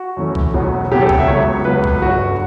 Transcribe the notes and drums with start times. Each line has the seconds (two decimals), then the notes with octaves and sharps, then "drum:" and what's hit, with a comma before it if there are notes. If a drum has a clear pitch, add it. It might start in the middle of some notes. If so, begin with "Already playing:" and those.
Already playing: F#4
0.17 F#2 E3 A3 C#4
0.35 drum: kick B1
0.54 E1 E2 C#3 F#3 B3
0.91 E1 E2 C#3 F#3 B3 G4
1.01 A4
1.09 G5, drum: kick B1
1.19 E5
1.28 C#2 C#3 F#3 B3 C#5
1.65 C#2 C#3 F#3 B3 B4
1.84 drum: kick B1
2.02 G1 F#2 D3 F#4